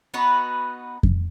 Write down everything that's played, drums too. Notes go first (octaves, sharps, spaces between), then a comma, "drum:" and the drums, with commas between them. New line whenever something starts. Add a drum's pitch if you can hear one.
B3 D#4 F#4 B4
drum: kick F2